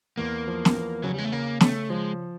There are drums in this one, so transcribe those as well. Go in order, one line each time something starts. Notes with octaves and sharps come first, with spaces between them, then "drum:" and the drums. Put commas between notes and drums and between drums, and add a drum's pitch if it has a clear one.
E2 A#3
F3
drum: snare
E2
C#3 F#3
G3
G#3
A3
C#3 A#3
C#3 A3, drum: snare
F3 G#3